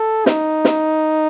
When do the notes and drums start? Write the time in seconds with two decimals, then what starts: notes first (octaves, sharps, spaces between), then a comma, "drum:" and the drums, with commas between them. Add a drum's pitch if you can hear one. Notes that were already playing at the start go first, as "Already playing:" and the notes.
Already playing: A4
0.26 D#4, drum: snare
0.65 drum: snare